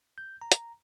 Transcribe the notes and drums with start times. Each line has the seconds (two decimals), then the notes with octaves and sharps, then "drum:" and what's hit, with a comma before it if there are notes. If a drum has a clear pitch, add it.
0.18 G6
0.42 A#5
0.52 drum: hi-hat